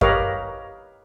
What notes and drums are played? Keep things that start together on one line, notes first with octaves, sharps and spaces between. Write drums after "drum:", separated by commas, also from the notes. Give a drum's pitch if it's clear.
G4 A#4 B4 C#5 D#5 F5, drum: kick F#2